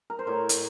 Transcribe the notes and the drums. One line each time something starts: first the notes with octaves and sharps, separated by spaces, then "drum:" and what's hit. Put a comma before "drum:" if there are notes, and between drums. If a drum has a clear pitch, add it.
A#4
C5
A2 A#4 C#5
drum: hi-hat